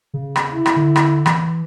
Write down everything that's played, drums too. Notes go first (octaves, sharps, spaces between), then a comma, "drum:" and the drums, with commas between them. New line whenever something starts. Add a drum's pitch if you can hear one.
C#3
drum: rim click
E4
drum: rim click
D3
drum: rim click
E3, drum: rim click